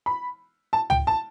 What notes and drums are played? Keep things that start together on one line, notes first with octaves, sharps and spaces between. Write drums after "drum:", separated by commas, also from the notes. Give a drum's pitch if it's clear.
B5
A5
G5, drum: tom C#2
A5